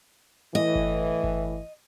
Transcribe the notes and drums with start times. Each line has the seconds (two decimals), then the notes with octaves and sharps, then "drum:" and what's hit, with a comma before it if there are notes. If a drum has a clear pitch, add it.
0.55 A2 E3 D#5
0.75 drum: kick G1
1.24 drum: kick G1